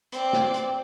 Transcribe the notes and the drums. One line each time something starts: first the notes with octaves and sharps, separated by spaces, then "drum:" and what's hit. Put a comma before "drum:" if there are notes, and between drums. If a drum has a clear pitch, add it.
C4 D5, drum: hi-hat
drum: snare
drum: hi-hat